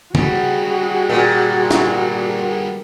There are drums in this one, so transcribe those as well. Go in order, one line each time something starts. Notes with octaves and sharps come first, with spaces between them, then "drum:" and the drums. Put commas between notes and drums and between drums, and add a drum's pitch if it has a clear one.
G3 B3 F#4 G#4, drum: tom C#3
A#2
drum: snare